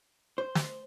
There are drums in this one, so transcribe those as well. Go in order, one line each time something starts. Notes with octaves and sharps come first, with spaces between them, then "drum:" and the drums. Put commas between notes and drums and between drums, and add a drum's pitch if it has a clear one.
C5
drum: snare